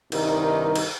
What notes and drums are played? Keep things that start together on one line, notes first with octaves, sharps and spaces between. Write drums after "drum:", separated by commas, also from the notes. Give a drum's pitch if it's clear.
C2 G2 D#3 D#4 A#4, drum: cymbal
drum: cymbal